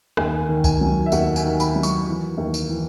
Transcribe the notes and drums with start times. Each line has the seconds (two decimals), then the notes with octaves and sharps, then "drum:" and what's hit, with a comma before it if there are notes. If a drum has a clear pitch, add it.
0.17 D#2 G#5, drum: rim click
0.49 D#3
0.64 G#5, drum: kick C#2, tambourine
0.81 F#3
1.06 E5
1.12 D#2 F#5, drum: tambourine
1.36 G#5, drum: tambourine
1.44 D#3
1.60 B5, drum: tambourine
1.76 F#3
1.83 C#6, drum: tambourine
2.06 E3
2.38 D#2
2.54 drum: tambourine
2.69 E3